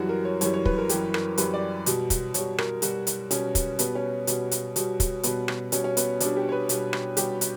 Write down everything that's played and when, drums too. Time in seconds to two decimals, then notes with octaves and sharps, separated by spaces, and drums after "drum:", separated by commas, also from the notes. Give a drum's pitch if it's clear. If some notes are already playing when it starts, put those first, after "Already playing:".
Already playing: F#2 E3 G3 F#4
0.09 A#4
0.25 C#5
0.41 F#2 E3 G3 C#5, drum: hi-hat
0.54 C#5
0.65 B4, drum: kick
0.78 A#4
0.89 F#2 E3 G3 G4, drum: hi-hat
1.14 A#4, drum: rim click
1.38 F#2 E3 G3 B4, drum: hi-hat
1.54 D5
1.86 B2 G3, drum: hi-hat
2.10 drum: kick, hi-hat
2.34 B2 G3 C#5, drum: hi-hat
2.58 A#4, drum: rim click
2.82 B2 G3 F#4, drum: hi-hat
3.07 drum: hi-hat
3.31 B2 G3 C#4, drum: hi-hat
3.55 drum: kick, hi-hat
3.79 B2 G3 B3, drum: hi-hat
3.95 C#4
4.27 B2 G3, drum: hi-hat
4.51 drum: hi-hat
4.76 B2 G3, drum: hi-hat
5.00 drum: kick, hi-hat
5.23 B2 G3 B3, drum: hi-hat
5.48 drum: rim click
5.72 B2 G3 C#4, drum: hi-hat
5.84 C#4
5.97 B3, drum: hi-hat
6.20 B2 G3 D4, drum: hi-hat
6.37 G4
6.49 C#5
6.52 B4
6.69 B2 G3, drum: hi-hat
6.93 drum: rim click
7.17 B2 G3 G4, drum: hi-hat
7.41 drum: hi-hat